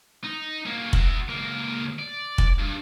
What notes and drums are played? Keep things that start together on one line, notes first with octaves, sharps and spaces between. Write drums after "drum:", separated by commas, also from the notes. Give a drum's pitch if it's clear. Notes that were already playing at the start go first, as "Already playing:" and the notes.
D#4
A#3 C#4
F#4 E5, drum: kick
C#2 A#3
D5
drum: kick
G2